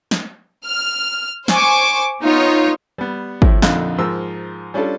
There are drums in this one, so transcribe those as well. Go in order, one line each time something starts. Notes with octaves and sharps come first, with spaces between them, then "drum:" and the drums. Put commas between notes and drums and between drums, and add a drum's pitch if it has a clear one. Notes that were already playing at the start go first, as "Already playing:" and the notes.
drum: snare
F6
C5 G#5 C#6 D6, drum: snare
B3 D#4 F4 C#5
G3 B3
A2 F3 E4, drum: kick
A#1 F2 D3 D#4 F5 F#6, drum: snare
G#2 F3 A#4 E6
G3 C#4 D4 F4 A4